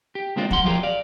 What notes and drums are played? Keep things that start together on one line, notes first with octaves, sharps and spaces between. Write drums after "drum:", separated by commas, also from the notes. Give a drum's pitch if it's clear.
G4
D3 G#3 A#3 C4 D4 F4
F#3 F#5 C6, drum: kick
F3 F#3 F4 G4 G#4 A#4
D5 F5